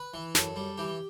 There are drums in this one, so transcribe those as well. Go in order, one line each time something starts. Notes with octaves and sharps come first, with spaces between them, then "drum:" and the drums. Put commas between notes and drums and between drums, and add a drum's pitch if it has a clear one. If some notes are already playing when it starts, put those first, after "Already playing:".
Already playing: B4
E3
F#2 A4, drum: snare
G3
E3 G4